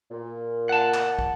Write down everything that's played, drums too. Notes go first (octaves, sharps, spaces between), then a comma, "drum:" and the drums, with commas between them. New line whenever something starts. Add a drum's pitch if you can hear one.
A#2
F#5 A5
drum: clap
drum: kick